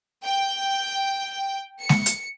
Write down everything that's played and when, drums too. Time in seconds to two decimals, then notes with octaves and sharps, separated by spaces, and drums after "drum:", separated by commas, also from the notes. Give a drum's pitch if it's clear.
0.23 G5
1.80 C#7
1.89 drum: snare G#3
2.06 drum: hi-hat